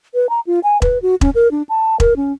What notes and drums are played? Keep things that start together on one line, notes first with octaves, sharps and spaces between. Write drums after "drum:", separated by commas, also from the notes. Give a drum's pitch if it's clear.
B4
A#5
F4
G#5
B4, drum: kick E1
F#4
C#4, drum: kick E1
A#4
D4
A5
A#4, drum: kick E1
C#4